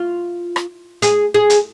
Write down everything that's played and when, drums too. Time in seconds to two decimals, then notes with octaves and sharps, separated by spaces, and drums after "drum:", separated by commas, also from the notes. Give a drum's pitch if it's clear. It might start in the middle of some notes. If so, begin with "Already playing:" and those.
Already playing: F4
0.56 drum: rim click
1.02 G#4, drum: hi-hat
1.34 G#4
1.50 drum: hi-hat